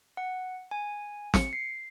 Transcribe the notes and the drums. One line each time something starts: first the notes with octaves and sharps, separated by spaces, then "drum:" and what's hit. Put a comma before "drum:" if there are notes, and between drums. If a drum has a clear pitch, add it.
F#5
G#5
C#7, drum: snare
C7